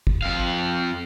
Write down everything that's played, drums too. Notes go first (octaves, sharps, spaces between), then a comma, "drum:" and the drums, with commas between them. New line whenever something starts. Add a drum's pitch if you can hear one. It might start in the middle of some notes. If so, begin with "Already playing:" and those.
drum: kick
F2 F5